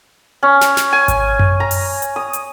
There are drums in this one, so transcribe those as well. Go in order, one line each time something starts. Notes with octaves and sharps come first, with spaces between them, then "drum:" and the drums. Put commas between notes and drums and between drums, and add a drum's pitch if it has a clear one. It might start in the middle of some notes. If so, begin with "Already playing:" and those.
C#4
drum: snare
drum: snare
G#5
drum: kick G#1, hi-hat
drum: tom F#2
A#5
drum: open hi-hat
drum: hi-hat
D#6
drum: hi-hat